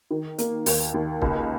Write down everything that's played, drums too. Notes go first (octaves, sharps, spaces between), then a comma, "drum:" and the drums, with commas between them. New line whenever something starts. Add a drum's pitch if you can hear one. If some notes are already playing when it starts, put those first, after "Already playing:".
D#3
A#3, drum: hi-hat
D#2, drum: open hi-hat
D#2
C#2, drum: kick